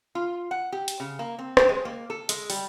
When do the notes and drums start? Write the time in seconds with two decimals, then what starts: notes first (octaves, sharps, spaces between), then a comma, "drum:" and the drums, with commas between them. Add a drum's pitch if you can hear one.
0.15 F4
0.51 F#5
0.72 G4
0.88 drum: hi-hat
1.00 C#3
1.19 A#3
1.39 C4
1.57 G4, drum: rim click
1.69 G#3
1.85 A#3
2.10 A4
2.29 G#3, drum: hi-hat
2.50 G3, drum: open hi-hat